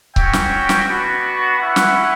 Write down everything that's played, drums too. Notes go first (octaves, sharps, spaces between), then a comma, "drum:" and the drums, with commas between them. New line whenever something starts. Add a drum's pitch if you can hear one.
C#4 F#4 C#5 E5 G5, drum: kick C#1
drum: snare
drum: snare
B3 D4 F#4
C#4 E4 B4 F#5
drum: snare